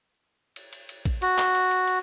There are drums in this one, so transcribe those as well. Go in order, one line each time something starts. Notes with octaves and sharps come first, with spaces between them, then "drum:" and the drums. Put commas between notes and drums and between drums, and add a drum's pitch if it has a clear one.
drum: cymbal
drum: cymbal
drum: cymbal
drum: kick, cymbal
F#4, drum: cymbal
drum: clap
drum: cymbal
drum: cymbal
drum: cymbal